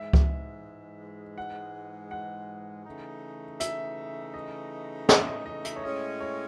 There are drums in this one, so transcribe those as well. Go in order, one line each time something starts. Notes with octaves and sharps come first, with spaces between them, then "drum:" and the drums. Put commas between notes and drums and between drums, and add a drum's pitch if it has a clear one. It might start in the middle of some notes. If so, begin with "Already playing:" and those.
Already playing: G#2 E3 G#3 E5
drum: kick C#2
F#5
F#5
C#3 E3 A3 D#4
E5, drum: hi-hat
D#5
E5, drum: snare
D#5
D#5
E5, drum: hi-hat
C#5
A2 G#3 C#4 D#5
C#5